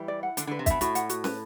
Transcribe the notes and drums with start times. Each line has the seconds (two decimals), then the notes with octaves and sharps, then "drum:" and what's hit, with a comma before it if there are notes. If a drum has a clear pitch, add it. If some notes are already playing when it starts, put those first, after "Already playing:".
Already playing: E3 G3
0.08 D5
0.23 F#5
0.37 D3 D4, drum: hi-hat
0.47 D3 B4
0.59 C3
0.66 B2 E5, drum: kick, hi-hat
0.81 A2 F#4, drum: hi-hat
0.95 F#5, drum: hi-hat
1.09 F#4, drum: hi-hat
1.24 B4, drum: snare